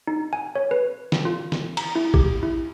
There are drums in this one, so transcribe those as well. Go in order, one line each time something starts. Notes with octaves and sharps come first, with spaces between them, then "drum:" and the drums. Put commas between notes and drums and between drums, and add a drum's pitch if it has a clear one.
D#4
G#5
C#5
B4
drum: snare
F4
drum: snare
A#5, drum: cymbal
E4
G4, drum: kick A1
E4